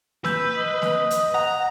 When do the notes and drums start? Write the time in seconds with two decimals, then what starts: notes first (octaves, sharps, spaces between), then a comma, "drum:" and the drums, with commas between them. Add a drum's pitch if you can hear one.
0.24 B4 E6 G6, drum: snare
0.57 D#5
0.82 drum: snare
1.10 drum: hi-hat
1.34 F#5 A#5